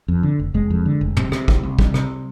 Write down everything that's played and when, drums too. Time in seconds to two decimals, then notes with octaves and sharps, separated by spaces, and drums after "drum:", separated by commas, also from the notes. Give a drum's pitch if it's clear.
0.08 F2
0.23 D3
0.40 F1
0.54 F1 G#3
0.70 F2
0.86 D3
1.01 F1
1.17 C3, drum: tom
1.32 C3, drum: rim click
1.48 C2, drum: kick
1.63 C2
1.79 C3 G3, drum: kick
1.94 C3, drum: rim click